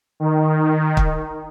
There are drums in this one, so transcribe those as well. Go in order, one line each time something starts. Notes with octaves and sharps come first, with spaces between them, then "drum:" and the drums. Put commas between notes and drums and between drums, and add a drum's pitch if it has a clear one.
D#3
drum: kick